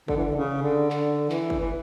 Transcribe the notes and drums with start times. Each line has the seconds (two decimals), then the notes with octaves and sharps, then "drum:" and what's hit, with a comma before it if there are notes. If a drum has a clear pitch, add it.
0.08 D3, drum: kick
0.17 E3
0.25 D3
0.36 C#3
0.62 D3
0.90 D3, drum: clap
1.30 E3, drum: clap
1.50 drum: kick
1.59 E3